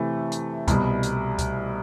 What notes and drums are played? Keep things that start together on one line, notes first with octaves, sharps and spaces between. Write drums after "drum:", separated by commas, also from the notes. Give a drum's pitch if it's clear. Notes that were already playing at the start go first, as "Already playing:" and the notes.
Already playing: C3 E3 A3
drum: hi-hat
C2 B2 G3, drum: kick C#2, hi-hat
drum: hi-hat
drum: kick C#2, hi-hat